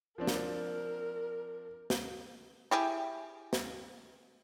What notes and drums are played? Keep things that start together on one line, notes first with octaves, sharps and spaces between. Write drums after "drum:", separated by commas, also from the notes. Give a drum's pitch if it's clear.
F3 C4 D4 A#4
drum: snare
drum: snare
E4 G4 G#4
drum: snare